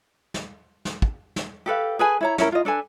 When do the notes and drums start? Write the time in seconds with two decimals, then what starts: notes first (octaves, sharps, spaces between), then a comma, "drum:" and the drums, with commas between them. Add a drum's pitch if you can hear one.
0.34 drum: snare
0.85 drum: snare
1.02 drum: kick
1.36 drum: snare
1.66 G4 A4 B4 F5
1.99 G#4 B4 G#5
2.21 E4 C#5 A#5
2.38 C#4 E4 A#4, drum: snare
2.52 F4 D#5
2.65 D4 A4 B4 G#5